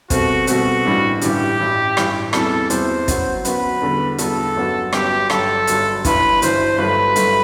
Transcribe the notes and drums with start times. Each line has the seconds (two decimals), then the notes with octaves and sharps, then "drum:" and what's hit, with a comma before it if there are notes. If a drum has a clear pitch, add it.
0.10 C2 B2 A3 C4 F#4, drum: kick, hi-hat
0.47 C2 B2 A3 C4 F#4, drum: hi-hat
0.85 A1 G2 E3 G3 D4
1.21 A1 G2 E3 G3 D4 G4, drum: hi-hat
1.59 A1 G2 E3
1.97 A1 G2 E3, drum: rim click
2.33 E2 C3 E3 G3 A4, drum: rim click
2.70 E2 C3 E3 G3 C5, drum: hi-hat
3.08 F#2 F#3 B3 F#4, drum: kick, hi-hat
3.45 F#2 F#3 B3 F#4 B4, drum: hi-hat
3.82 E2 D3 G3 B3
4.18 E2 D3 G3 B3 A4, drum: hi-hat
4.56 G1 F#2 F#3 B3 F#4
4.93 G1 F#2 F#3 B3 F#4 G4, drum: rim click
5.30 G1 G2 F#3 A4, drum: rim click
5.67 G1 G2 F#3, drum: hi-hat
6.05 G1 G2 E3 B4, drum: kick, hi-hat
6.42 G1 G2 E3 C5, drum: hi-hat
6.78 G1 G2 F#3 A3 B4
7.16 G1 G2 F#3 A3, drum: hi-hat